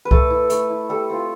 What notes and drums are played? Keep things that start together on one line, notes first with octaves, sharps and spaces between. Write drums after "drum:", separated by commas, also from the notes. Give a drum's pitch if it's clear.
B4
A3 A4, drum: kick C2
E4
A3, drum: hi-hat
E4
G3 A4
C4 F4